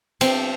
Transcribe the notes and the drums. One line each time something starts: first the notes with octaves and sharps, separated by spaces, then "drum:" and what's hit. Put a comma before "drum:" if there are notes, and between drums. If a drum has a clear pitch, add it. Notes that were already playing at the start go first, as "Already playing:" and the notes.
C4, drum: cymbal